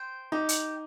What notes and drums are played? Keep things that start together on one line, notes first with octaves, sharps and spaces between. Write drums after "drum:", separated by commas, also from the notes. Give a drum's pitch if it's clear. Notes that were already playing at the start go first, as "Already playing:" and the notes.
Already playing: C5 G5
D#4 G4
drum: hi-hat